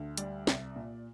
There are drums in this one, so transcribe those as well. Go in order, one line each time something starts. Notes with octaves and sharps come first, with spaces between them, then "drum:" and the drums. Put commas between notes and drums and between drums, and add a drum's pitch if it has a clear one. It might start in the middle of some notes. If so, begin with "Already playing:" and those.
Already playing: D2
G3 D5, drum: hi-hat
C2, drum: snare
A#2